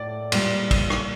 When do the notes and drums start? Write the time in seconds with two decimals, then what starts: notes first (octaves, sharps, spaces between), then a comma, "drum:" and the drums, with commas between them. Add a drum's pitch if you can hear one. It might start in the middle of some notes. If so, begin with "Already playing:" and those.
Already playing: A2 D5
0.32 A#2 G3, drum: cymbal
0.71 drum: kick, cymbal
0.90 drum: rim click